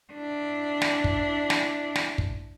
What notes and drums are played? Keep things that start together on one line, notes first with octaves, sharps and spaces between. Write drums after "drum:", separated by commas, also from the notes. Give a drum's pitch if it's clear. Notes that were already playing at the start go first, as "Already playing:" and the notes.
D4 E4
drum: snare
drum: kick
drum: snare
drum: snare
drum: kick